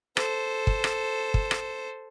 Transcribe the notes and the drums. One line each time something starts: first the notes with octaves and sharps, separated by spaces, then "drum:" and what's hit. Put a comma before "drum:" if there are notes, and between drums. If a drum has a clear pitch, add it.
A4 C5, drum: rim click
drum: kick
drum: rim click
drum: kick
drum: rim click